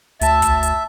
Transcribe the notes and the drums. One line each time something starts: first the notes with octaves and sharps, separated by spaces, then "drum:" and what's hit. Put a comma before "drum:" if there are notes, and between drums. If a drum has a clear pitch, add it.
D2 E5 A5, drum: hi-hat
drum: kick, hi-hat
drum: hi-hat